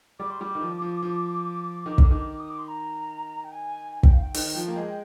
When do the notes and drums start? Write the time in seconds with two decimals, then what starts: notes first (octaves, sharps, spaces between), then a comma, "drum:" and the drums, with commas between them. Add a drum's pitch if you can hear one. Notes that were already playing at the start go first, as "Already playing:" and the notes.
0.19 G3 D6
0.30 C6
0.41 G3 D6
0.55 D#3
0.61 F3
0.82 F3
1.02 F3
1.86 D#3
1.98 D3, drum: kick
2.10 D#3
2.39 D#6
2.50 D6
2.58 C6
2.68 A#5
3.44 G5
3.52 G#5
3.92 G#5
4.03 G5, drum: kick
4.13 F5
4.23 G5
4.34 D#3, drum: open hi-hat
4.55 F3
4.68 A#3
4.76 G#3